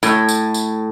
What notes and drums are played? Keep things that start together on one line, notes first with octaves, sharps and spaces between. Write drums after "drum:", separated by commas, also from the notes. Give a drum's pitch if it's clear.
A2, drum: tambourine
drum: tambourine
drum: tambourine